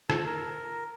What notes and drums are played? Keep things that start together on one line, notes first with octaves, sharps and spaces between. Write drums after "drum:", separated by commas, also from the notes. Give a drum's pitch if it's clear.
A4, drum: rim click
A#4